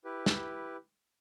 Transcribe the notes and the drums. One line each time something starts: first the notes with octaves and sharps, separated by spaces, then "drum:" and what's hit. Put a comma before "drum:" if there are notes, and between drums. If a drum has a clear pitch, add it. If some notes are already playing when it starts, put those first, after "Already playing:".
E4 G4 B4
drum: snare